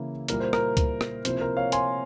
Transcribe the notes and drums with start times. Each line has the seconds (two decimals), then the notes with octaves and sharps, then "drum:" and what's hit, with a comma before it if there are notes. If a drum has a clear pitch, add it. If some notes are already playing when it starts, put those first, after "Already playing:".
Already playing: C#3 E3 A#3 E4
0.28 A#2 G3 A#3 E4 A#4, drum: hi-hat
0.40 C5
0.53 A#4, drum: rim click
0.77 drum: kick C#2, hi-hat
1.01 drum: rim click
1.25 C3 F3 A#3 E4 C5, drum: hi-hat
1.41 A#4
1.57 C#5 F5
1.72 G#5 C6, drum: hi-hat